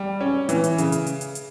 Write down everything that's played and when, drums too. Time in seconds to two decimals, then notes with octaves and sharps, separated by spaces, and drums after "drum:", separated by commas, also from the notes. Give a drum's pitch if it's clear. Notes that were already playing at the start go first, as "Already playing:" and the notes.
Already playing: G3
0.21 C#4
0.49 E3, drum: hi-hat
0.64 drum: hi-hat
0.78 C#3, drum: hi-hat
0.92 drum: hi-hat
1.07 drum: hi-hat
1.21 drum: hi-hat
1.35 drum: hi-hat